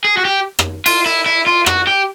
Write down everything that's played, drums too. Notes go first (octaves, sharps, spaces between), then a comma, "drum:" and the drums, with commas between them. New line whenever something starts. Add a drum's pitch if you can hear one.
G#4
F#4
G4
drum: rim click
F4, drum: cymbal
E4
E4
F4
F#4, drum: rim click
G4